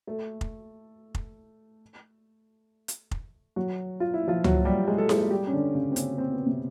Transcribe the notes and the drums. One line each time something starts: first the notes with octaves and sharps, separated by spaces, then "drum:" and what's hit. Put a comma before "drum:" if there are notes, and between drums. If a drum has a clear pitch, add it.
A3 A4
drum: kick F1
drum: kick F1
drum: hi-hat
drum: kick F1
F#3 F#4
F4
E4
F3 F4
F#3 F#4, drum: tom C#2
G3 G4
G#3 G#4
A4
G#3 G#4, drum: snare E4
G3 G4
C#4
D3 D4
C#3 C#4
C4
C#3 C#4, drum: hi-hat
C4
B3
C3 C4